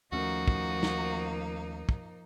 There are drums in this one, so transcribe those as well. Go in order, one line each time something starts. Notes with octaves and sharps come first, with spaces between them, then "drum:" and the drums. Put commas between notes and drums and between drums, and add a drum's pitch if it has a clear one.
D#2 F3 A3 A#3 C#4 D#4 F#4
drum: kick
drum: snare
drum: kick